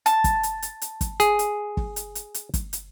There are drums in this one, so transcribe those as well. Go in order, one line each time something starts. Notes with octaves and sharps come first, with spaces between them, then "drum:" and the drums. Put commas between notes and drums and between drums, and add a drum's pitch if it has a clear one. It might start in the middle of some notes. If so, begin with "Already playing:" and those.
A5, drum: hi-hat
drum: kick, hi-hat
drum: hi-hat
drum: hi-hat
drum: hi-hat
drum: kick, hi-hat
G#4, drum: hi-hat
drum: hi-hat
drum: kick
drum: hi-hat
drum: hi-hat
drum: hi-hat
drum: kick, hi-hat
drum: hi-hat